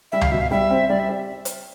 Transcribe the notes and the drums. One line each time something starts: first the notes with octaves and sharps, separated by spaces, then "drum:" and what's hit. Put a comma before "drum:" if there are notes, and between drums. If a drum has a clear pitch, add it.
G3 E5
F5, drum: tom C#2
B2 E5
F5
G3 E5
C4
G3 D5
E5
G4
drum: hi-hat